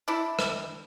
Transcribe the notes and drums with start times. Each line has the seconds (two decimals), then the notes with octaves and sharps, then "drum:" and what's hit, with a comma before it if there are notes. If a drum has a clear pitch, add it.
0.08 D4 E4
0.39 drum: rim click